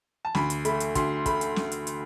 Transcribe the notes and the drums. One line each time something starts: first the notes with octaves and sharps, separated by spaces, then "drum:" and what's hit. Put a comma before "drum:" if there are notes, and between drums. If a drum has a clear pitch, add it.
A5
D2 B5, drum: snare
drum: hi-hat
A3 B5, drum: hi-hat
drum: hi-hat
D2 C6, drum: kick, hi-hat
A3 B5, drum: kick, hi-hat
drum: hi-hat
drum: snare
drum: hi-hat
drum: hi-hat